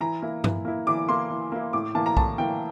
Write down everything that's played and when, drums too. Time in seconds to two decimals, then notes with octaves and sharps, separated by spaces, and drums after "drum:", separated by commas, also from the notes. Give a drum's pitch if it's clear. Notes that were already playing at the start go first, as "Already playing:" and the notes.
0.01 E3 A#5
0.22 A#3 E4
0.44 E3, drum: tom G2
0.65 A#3 E4
0.87 E3 D6
1.09 A#3 E4 C6
1.30 E3
1.52 A#3 E4
1.73 A2 D6
1.95 E3 A#3 A5
2.06 A#5
2.17 A2 A5, drum: kick B1
2.38 E3 A#3 G5